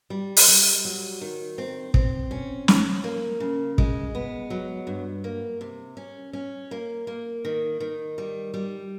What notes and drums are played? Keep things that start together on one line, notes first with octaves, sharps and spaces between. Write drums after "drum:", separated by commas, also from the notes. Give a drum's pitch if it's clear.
G3
drum: open hi-hat
G3
F#3
D#3
C4
C4, drum: kick
C#4
C#4, drum: snare
A#3
C#3
G#3, drum: kick
B3
F#3
G2
A#3
C3
C#4
C#4
A#3
A#3
D#3
D#3
G3
G3